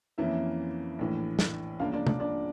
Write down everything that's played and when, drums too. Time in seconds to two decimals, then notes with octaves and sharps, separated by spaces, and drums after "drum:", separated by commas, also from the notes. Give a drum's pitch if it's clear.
0.18 F2 E3 A#3 C#4 E4 E5
0.99 A#1 A2 E3
1.39 drum: snare
1.79 C#2 C#3 F3 A#3 D4 F4 F5
1.93 D4 D5
2.07 D4 D5, drum: tom
2.20 D4 D5